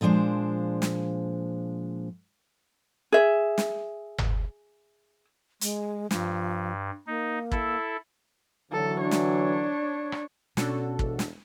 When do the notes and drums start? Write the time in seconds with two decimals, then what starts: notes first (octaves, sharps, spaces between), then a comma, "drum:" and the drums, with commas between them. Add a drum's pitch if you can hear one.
0.01 A#2 F3 G#3 D4 C5
0.82 drum: snare
3.12 G#4 E5
3.58 drum: snare
4.18 drum: tom G1
5.61 G#3, drum: hi-hat
6.11 G2 F3, drum: snare
7.07 A#3 D#4
7.52 E4 A4, drum: kick
8.72 D3 E3 F#3 A4
9.01 D4 C#5
9.11 drum: snare
10.12 drum: rim click
10.57 B2 C#4 D4 F#4 A4, drum: snare
10.99 E1, drum: kick
11.19 drum: snare